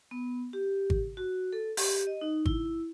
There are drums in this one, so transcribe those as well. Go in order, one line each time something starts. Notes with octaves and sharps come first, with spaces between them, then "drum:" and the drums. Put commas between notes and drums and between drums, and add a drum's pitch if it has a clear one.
B3
G4
drum: kick G#1
F#4
A4
G4, drum: open hi-hat
D#5
D#4
E4, drum: kick G#1